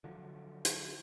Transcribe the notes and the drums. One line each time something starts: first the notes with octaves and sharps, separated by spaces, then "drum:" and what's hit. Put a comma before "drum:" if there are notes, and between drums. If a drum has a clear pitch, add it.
D3 F3 F#3
drum: hi-hat